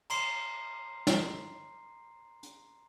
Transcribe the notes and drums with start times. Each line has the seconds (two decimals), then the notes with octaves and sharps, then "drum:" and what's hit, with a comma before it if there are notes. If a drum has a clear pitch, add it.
0.10 A#5 C6 C7, drum: cymbal
1.07 drum: snare
2.43 drum: hi-hat